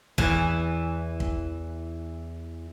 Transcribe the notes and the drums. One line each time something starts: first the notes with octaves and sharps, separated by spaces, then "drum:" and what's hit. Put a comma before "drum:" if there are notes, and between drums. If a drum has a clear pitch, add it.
E2 E3, drum: kick
drum: kick